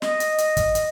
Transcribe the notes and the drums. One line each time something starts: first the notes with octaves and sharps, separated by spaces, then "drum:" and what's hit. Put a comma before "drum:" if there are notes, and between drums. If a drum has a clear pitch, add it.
D#5, drum: snare
drum: hi-hat
drum: hi-hat
drum: kick, hi-hat
drum: hi-hat